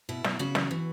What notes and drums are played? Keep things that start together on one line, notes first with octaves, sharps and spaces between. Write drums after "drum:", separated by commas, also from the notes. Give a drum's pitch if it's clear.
B2 E4
B2, drum: snare
C#3 F#4
E3, drum: snare
E3